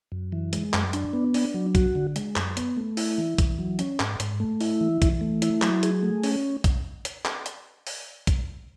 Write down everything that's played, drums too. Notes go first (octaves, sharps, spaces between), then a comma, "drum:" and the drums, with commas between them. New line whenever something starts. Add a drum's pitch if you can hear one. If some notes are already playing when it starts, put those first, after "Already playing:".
F#2
E3
G#3, drum: hi-hat
F#2, drum: clap
D4, drum: hi-hat
B3
D4, drum: open hi-hat
F#3
F#4, drum: kick B1, hi-hat
D3
G#3, drum: hi-hat
F#2, drum: clap
B3, drum: hi-hat
A3
E4, drum: open hi-hat
E3
E3, drum: kick B1, hi-hat
F#3
C#4, drum: hi-hat
G#2, drum: clap
G#2, drum: hi-hat
A3
E4, drum: open hi-hat
E3
E3, drum: kick B1, hi-hat
A3
E4, drum: hi-hat
F#3, drum: clap
G#4, drum: hi-hat
A3
C#4, drum: open hi-hat
drum: kick B1, hi-hat
drum: hi-hat
drum: clap
drum: hi-hat
drum: open hi-hat
drum: kick B1, hi-hat